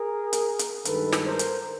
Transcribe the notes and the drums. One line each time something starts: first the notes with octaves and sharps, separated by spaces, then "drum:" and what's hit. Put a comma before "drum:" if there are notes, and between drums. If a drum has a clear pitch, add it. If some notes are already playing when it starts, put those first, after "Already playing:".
Already playing: G#4 A#4
drum: hi-hat
drum: hi-hat
G2 D#3 G#3 A4 B4, drum: hi-hat
drum: snare
A#4 C5
drum: hi-hat